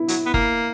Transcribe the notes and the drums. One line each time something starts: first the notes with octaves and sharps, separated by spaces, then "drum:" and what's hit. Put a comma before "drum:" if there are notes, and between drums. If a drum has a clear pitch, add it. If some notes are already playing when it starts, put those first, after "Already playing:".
Already playing: E4
F#3, drum: hi-hat
B3
A#3, drum: kick